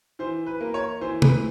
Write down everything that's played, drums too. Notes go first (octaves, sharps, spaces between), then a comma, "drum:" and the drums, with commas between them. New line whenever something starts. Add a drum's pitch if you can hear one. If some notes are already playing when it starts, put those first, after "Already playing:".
E3 C5
B4
A#3
C#5
E3 C5
B4, drum: tom